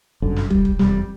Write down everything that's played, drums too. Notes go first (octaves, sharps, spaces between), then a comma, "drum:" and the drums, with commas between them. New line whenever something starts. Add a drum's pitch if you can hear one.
G1 F#2 D3
drum: snare
G3, drum: kick
drum: kick
F1 E2 C3 G3, drum: snare